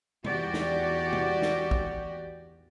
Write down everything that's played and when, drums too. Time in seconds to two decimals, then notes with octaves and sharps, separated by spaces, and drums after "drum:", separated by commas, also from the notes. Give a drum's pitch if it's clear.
0.24 E2 F#4 G4 D5, drum: tom
0.54 drum: snare
1.13 drum: tom
1.42 drum: snare
1.71 drum: kick